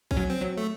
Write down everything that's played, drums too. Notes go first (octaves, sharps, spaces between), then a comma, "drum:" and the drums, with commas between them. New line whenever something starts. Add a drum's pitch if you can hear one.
C#4, drum: kick A#1
F#3
C4
F#3
A3